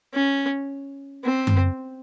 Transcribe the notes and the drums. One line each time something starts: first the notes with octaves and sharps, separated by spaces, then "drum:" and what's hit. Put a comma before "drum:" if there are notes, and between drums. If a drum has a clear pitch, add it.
C#4
C4
drum: tom F#2